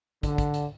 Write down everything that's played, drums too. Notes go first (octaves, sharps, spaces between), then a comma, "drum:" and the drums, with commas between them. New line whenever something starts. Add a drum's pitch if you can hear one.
D3, drum: kick, hi-hat
drum: kick, hi-hat
drum: hi-hat